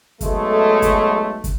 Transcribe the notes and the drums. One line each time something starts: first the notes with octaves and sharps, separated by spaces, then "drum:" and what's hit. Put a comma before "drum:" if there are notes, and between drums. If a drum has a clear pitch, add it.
B1 G#3 A3, drum: kick, hi-hat
drum: kick, hi-hat
drum: kick, hi-hat